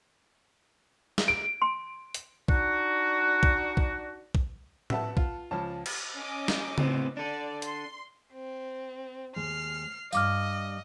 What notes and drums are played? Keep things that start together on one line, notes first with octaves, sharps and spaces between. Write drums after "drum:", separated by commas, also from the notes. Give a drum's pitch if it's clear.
drum: snare
D7
C6
drum: hi-hat
D4 D#4 F#4, drum: kick
drum: kick
drum: kick
drum: kick
B4 E5 F#5 A5, drum: tom A2
F4, drum: kick
C#2 F3 A5
drum: cymbal
C#4 D#5 D6
drum: snare
A2 B3 C4, drum: tom C#3
D4 A4 D5
C6, drum: hi-hat
C4
D#2 G#3 F6 C7
G2 G3 D#5 F5 D6 F6, drum: tambourine